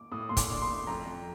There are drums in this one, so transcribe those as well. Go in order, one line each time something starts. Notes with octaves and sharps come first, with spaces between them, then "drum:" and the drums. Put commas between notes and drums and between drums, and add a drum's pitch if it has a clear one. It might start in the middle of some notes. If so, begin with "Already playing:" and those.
Already playing: D6
A2 D#6
A2 C6
D6, drum: kick, hi-hat
D4
C6
A3
F2 A#5
F2